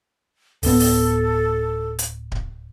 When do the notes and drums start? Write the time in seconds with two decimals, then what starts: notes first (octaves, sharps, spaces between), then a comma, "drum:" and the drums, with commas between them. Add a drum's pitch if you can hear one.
0.63 D1 B3 A4, drum: open hi-hat
0.80 drum: open hi-hat
1.99 drum: hi-hat
2.32 drum: kick D1